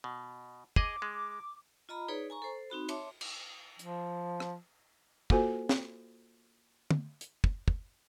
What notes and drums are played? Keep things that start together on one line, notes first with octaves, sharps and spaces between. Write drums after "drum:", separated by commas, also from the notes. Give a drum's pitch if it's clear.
B2
G#4 D#5 D6, drum: kick
G#3
F4 D#5 A#5 B5
D#4 G#4 B4 C#5 D5
G#5 A#5 C#6
A4 C5
C4 D#4 F#4 B5
C#5 E5 A5 C6 D6, drum: cymbal
drum: cymbal
F3, drum: hi-hat
drum: rim click
A#3 F4 F#4 A4 C5 G#5, drum: kick
drum: snare
drum: tom
drum: hi-hat
drum: kick
drum: kick